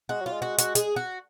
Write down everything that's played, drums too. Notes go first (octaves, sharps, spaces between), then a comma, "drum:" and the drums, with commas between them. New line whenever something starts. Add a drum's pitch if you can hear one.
G#3 F#4
F#3 F4
G#3
F#4
F#4, drum: hi-hat
G#4, drum: hi-hat
F#4